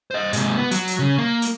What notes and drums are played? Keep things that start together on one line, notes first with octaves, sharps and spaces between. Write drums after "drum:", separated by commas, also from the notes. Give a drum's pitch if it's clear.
C5 D#5
G#2 C3, drum: hi-hat
B3
F#3, drum: hi-hat
drum: hi-hat
C#3
A#3
drum: hi-hat